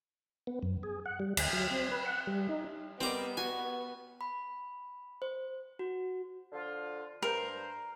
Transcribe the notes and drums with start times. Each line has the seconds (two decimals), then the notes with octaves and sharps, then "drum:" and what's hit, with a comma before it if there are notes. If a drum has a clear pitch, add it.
0.47 B3
0.63 F#2
0.83 G#4
1.06 F#5
1.20 G3
1.37 D2, drum: cymbal
1.53 F#3
1.71 C4
1.91 B4
2.06 F#5
2.27 G3
2.49 D#4
3.01 G3 B3 C4 A#4 D#5 D6
3.37 F#4 G#5
4.21 B5
5.22 C5
5.79 F#4
6.53 D3 F3 F4
7.22 G2 A#4 C5